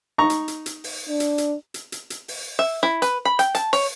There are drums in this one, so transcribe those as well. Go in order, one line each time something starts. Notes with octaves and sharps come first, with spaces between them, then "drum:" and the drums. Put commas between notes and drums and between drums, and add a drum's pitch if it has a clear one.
D#4 A#5 C#6
drum: hi-hat
drum: hi-hat
drum: hi-hat
drum: open hi-hat
D4
drum: hi-hat
drum: hi-hat
drum: hi-hat
drum: hi-hat
drum: hi-hat
drum: open hi-hat
E5
E4
B4, drum: hi-hat
B5
G5, drum: hi-hat
A5, drum: hi-hat
C#5, drum: open hi-hat